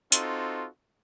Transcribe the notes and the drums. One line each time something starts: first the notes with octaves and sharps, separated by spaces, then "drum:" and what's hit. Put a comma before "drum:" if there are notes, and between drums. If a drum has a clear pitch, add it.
C4 D#4 F4 F#4 A4, drum: hi-hat